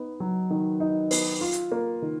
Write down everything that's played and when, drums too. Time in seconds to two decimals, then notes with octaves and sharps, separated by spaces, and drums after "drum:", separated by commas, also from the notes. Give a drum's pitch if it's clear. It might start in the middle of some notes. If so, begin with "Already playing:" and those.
Already playing: B3 D#4
0.20 F#3
0.51 D#3
0.80 D#4
1.11 B3, drum: open hi-hat
1.41 F4
1.53 drum: hi-hat
1.72 A#3
2.02 D#3